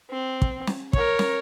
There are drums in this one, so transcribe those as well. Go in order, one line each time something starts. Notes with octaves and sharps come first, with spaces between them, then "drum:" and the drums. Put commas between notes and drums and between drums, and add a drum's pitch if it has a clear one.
C4
drum: kick
drum: snare
A#4 C#5, drum: kick
drum: snare